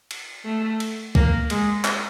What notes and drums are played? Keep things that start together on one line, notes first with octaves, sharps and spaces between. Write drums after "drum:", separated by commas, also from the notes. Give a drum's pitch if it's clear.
drum: cymbal
A3
drum: cymbal
A#3, drum: kick
G#3, drum: cymbal
drum: clap